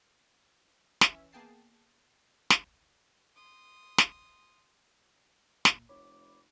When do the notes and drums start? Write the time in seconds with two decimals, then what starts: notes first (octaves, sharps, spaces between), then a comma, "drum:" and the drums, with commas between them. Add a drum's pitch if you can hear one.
1.01 E3 C#4 E5, drum: snare
1.33 A#3 B3 G#4 G5 A5 C7
2.50 drum: snare
3.35 C6 D#6
3.98 drum: snare
5.65 A#2, drum: snare
5.89 F1 C#5 B5 D6